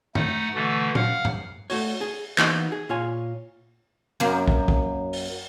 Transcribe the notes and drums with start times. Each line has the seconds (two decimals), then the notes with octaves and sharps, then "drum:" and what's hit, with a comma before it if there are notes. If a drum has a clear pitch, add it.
0.15 A3 D#4 F#5, drum: tom G2
0.55 B2 D3 E3 A3
0.95 F5 F#5 F6, drum: tom A#2
1.25 drum: tom G2
1.70 A3 F#4 C#5, drum: open hi-hat
2.01 G#4
2.38 E3 A#3 B3 D#4 F#4, drum: clap
2.72 G#4
2.89 A#2 F4 C#5 G#5
4.20 F#2 A#3
4.48 drum: kick
4.68 drum: kick
5.13 drum: open hi-hat